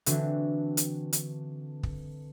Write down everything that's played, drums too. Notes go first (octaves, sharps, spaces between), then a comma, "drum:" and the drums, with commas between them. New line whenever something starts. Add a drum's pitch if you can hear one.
D3 E3 C4 D4 F#4, drum: hi-hat
drum: hi-hat
drum: hi-hat
drum: kick